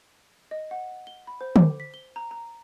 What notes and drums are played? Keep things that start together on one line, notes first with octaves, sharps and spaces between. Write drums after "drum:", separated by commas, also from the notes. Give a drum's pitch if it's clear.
D#5
F#5
G7
B5
C5
D6, drum: tom
B6
G7
A#5
A#5